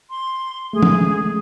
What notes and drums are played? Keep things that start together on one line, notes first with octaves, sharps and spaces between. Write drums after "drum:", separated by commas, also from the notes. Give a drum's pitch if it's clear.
C6
G#3 A3 G#4
drum: tom